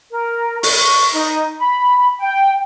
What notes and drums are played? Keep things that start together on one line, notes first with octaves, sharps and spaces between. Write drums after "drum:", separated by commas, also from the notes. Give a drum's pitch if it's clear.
A#4
C#6, drum: open hi-hat
D#4
B5
G5